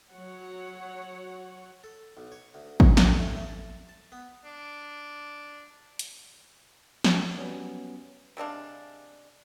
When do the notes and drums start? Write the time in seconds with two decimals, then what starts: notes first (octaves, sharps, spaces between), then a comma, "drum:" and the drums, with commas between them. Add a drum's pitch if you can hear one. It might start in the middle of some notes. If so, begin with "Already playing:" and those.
0.13 F#3 C#5 F#5
1.84 A4
2.17 B1
2.32 C#5
2.54 D2
2.80 G2, drum: kick A1
2.97 A2, drum: snare
3.19 A3
3.36 A3
3.49 A5
3.89 A5
4.12 B3
4.45 D4
5.99 drum: hi-hat
7.04 drum: snare
7.37 F#3 G3 B3 C#4
8.37 C3 G#3 D4 F5